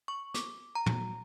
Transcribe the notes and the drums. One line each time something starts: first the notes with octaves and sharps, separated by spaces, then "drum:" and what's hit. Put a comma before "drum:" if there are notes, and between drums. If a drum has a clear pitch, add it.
C#6
D6, drum: hi-hat
A#5
drum: tom